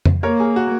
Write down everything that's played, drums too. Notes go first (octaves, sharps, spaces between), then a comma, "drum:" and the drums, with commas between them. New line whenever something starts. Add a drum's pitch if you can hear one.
drum: tom F2
A#3 A#4 C#5
G#4
F#4